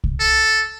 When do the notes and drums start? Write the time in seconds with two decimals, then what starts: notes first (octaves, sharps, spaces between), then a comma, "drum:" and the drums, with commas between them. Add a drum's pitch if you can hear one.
0.04 drum: kick C2
0.20 A4